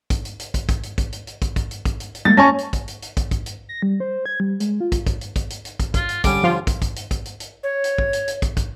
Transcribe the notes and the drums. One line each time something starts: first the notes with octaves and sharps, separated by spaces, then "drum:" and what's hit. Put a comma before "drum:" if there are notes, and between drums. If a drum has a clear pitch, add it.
drum: kick, hi-hat
drum: hi-hat
drum: hi-hat
drum: kick, hi-hat
drum: kick, hi-hat
drum: hi-hat
drum: kick, hi-hat
drum: hi-hat
drum: hi-hat
drum: kick, hi-hat
drum: kick, hi-hat
drum: hi-hat
drum: kick, hi-hat
drum: hi-hat
drum: hi-hat
G3 G#3 A#3 A6
C#4 C#5 G#5 A5 C#6 A#6
drum: hi-hat
drum: kick, hi-hat
drum: hi-hat
drum: hi-hat
drum: kick, hi-hat
drum: kick, hi-hat
drum: hi-hat
A#6
G3
C5
G#6
G3
G#3, drum: hi-hat
F4
drum: kick, hi-hat
drum: kick, hi-hat
drum: hi-hat
drum: kick, hi-hat
drum: hi-hat
drum: hi-hat
drum: kick, hi-hat
F4, drum: kick, hi-hat
drum: hi-hat
D3 G3 C#4 D6, drum: kick, hi-hat
F3 F4
drum: kick, hi-hat
drum: kick, hi-hat
drum: hi-hat
drum: kick, hi-hat
drum: hi-hat
drum: hi-hat
C#5
drum: hi-hat
drum: kick
drum: hi-hat
drum: hi-hat
drum: kick, hi-hat
drum: kick, hi-hat